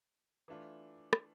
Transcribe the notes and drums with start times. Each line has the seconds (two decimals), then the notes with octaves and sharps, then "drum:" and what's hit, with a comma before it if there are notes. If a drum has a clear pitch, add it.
0.48 E3 A3 D4 F4
1.13 drum: rim click